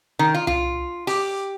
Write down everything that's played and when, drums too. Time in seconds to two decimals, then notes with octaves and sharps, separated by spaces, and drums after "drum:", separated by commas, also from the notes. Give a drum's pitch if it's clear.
0.19 D#3
0.34 F4
0.47 F4, drum: tom C2
1.07 G4, drum: open hi-hat